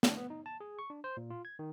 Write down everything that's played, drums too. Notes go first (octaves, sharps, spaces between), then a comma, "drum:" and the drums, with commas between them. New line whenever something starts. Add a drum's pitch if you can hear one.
D4, drum: snare
B3
D#4
A5
G#4
C#6
D4
C5
A#2
F4
G#6
D#3